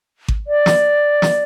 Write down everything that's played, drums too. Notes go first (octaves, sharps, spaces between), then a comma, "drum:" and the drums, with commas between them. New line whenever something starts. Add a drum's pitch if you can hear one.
drum: kick G#1
D5
drum: snare
drum: snare